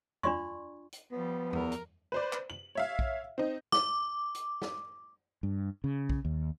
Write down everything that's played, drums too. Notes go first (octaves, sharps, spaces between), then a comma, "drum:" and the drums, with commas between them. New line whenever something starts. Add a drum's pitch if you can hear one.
D4 F4 D5 C6 C#6, drum: tom E2
drum: hi-hat
F3 G3 B3
E2 A#4, drum: tom E2
drum: hi-hat
B4 C5 D5
drum: clap
F#7
C#5 E5 F5
drum: kick
C4 D#4
D6, drum: snare
drum: hi-hat
drum: snare
G2
C#3
drum: kick
D#2